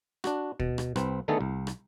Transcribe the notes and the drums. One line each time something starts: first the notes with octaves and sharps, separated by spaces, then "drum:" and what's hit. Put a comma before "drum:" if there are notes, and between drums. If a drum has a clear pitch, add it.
D4 F#4, drum: rim click
B2, drum: kick
drum: rim click
C2 C4 B4, drum: rim click
D3 D#3 A3 B3 G#4 A4
C2
drum: rim click